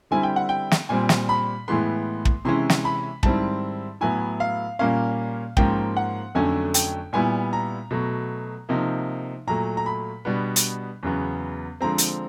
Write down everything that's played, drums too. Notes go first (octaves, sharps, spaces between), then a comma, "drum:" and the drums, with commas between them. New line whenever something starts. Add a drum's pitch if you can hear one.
D3 G3 C4 E4 G#5
G5
F#5
G5
drum: snare
A#2 G3 C4 G#5
drum: snare
B5
A2 E3 G#3 B3 C6
drum: kick
C3 E3 G#3 C#4 E4 C6
drum: snare
B5
G#2 D#3 G3 C4 E4 A5, drum: kick
A2 F#3 B3 E4 G#5
F5
A#2 G3 A#3 C#4 F5
G#2 F3 A#3 C#4 G5, drum: kick
F#5
F2 D3 F#3 A3 C#4 G#5
G5, drum: hi-hat
A#2 G3 B3 E4 G#5
A#5
B2 F#3 A3
C3 F3 A#3 D#4
A#2 F#3 A3 A#5
A#5
B5
B2 G3 B3 D4
drum: hi-hat
E2 C#3 F#3 B3
D3 F3 G#3 C4 A#5
drum: hi-hat